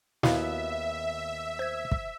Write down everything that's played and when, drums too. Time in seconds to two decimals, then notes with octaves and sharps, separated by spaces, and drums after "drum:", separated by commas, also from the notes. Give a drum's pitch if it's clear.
0.23 D#2 B3 C4 E4 F#4 E5 F5, drum: snare
1.59 C5 G#6
1.92 drum: kick